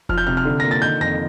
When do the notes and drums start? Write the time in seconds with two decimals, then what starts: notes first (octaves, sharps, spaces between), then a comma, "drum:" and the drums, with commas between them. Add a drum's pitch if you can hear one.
0.09 F3 F6, drum: kick F1
0.18 G6
0.27 C3 F6
0.37 F6
0.45 D3
0.60 A#3 A#6
0.71 A6
0.82 D#3 G6
1.00 F2 A#6